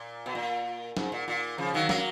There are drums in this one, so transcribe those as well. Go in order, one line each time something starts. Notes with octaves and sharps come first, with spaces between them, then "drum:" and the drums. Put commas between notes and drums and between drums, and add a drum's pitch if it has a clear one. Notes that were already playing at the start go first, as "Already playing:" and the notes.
Already playing: A#2
B2
A#2
G#2, drum: snare
A#2
A#2
C#3 F3
D#3 F#3
F#3 A#3, drum: snare